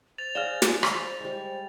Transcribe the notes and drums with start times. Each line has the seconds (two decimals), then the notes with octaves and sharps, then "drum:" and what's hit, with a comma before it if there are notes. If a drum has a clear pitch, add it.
0.18 C5 A6 F7
0.35 G#4 D5 F5 F6
0.62 drum: snare
0.83 drum: rim click
1.20 G3 G#3